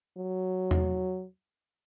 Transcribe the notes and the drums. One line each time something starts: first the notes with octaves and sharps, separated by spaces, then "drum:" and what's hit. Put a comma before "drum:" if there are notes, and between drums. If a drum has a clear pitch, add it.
F#3
drum: tom E2